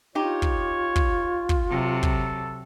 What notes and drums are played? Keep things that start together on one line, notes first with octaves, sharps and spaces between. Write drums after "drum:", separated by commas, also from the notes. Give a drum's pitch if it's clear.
D#4 F4 G4 C#5
drum: kick
drum: kick
drum: kick
C3 F#3 A4
drum: kick